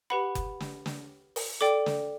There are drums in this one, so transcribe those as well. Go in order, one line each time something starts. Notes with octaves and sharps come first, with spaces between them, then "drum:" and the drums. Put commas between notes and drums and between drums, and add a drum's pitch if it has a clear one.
G4 B4 F#5 B5
drum: kick F#1, hi-hat
drum: snare
drum: snare
drum: open hi-hat
A4 D5 G5 D6
drum: snare